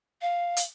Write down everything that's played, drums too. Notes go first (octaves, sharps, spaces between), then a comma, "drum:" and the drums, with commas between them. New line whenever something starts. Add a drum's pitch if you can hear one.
F5
drum: hi-hat